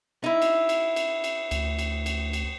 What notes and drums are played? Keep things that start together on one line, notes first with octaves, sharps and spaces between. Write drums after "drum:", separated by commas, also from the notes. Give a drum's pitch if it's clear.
D#4 E4
drum: cymbal
drum: cymbal
drum: cymbal
drum: cymbal
D2, drum: cymbal
drum: cymbal
drum: cymbal
drum: cymbal